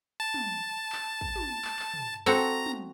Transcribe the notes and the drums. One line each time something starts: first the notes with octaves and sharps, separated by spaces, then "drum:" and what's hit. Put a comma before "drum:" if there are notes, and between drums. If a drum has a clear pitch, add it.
A5
drum: tom
drum: clap
drum: kick
drum: tom
drum: clap
drum: clap
drum: tom
C4 F#4 A4 A#5
drum: tom